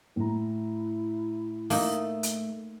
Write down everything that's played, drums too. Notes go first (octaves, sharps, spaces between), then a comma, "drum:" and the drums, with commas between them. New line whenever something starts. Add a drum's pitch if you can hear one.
A2 E4 A#5
A3 A#3 D#4, drum: open hi-hat
drum: hi-hat